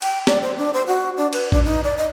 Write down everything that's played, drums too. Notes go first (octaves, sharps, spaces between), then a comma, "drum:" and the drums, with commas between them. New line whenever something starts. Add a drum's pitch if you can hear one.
G5, drum: cymbal
D5, drum: snare
C5
D4
C5
F#4
D4
B4, drum: cymbal
D4, drum: kick A#1
D#4
D5
D#5